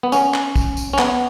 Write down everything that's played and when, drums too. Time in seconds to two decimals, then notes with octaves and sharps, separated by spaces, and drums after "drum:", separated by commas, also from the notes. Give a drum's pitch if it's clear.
0.03 B3
0.12 C#4, drum: tambourine
0.34 drum: clap
0.56 drum: kick, tambourine
0.77 drum: tambourine
0.93 C#4
0.99 B3, drum: clap